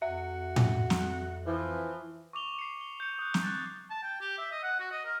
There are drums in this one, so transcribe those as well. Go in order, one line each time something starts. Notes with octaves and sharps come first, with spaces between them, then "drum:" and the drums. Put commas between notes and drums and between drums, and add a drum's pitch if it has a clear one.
F2 F#4 E5
drum: tom A2
drum: snare
E3 F3
C#6 D6 F7 G7
C7 C#7
G7
G6 C#7
D#6 F#6
drum: snare
F#6 A6
A5
G5
G4
E5
D#5
F#5
F#4
D#5
A#4